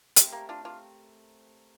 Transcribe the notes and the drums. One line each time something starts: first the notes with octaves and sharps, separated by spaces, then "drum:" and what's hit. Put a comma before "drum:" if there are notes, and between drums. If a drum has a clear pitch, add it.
A3 C4 G4 A#4, drum: hi-hat
A#3
D4 F4
D4 F4